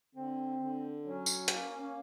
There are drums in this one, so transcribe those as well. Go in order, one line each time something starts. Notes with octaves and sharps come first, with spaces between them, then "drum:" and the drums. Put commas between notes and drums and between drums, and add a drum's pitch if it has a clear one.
D3 C4
D3
F#3 C#4
drum: tambourine
A#3, drum: hi-hat
C#4